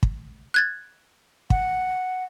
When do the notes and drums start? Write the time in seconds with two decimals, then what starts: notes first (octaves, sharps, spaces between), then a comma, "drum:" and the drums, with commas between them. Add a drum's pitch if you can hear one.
0.03 drum: kick
0.54 F#6 G#6 A6
1.50 F#5, drum: kick